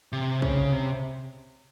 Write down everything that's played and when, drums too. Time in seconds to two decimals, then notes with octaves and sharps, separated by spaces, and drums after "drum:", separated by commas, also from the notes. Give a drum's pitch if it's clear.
0.13 C3
0.42 C#3, drum: kick
0.72 C3